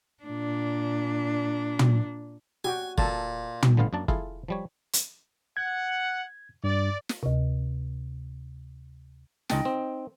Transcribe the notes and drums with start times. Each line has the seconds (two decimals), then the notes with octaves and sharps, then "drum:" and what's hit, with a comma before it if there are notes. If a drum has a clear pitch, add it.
0.24 A#2 D4
1.79 drum: tom
2.64 F#4 G4 G#5
2.98 A#2 A4 A5, drum: kick
3.63 drum: tom
3.77 G#1 D3 B3 F4 F5
3.93 F#2 A#3 D4 A5
4.08 E4 F4 G#4 A4 F5, drum: kick
4.48 F3 G3 C#5
4.93 drum: hi-hat
5.57 F#5 G#6
6.64 G2 D5
7.09 drum: snare
7.23 D2 C3
9.49 C#2 D#4 D#5 G5 A5, drum: snare
9.65 C4